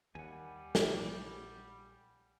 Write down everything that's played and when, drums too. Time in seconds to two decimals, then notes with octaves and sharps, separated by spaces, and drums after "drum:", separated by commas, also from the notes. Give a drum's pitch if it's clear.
0.15 D#2 G3 F#5 G#5
0.75 A#1 E3 A3, drum: snare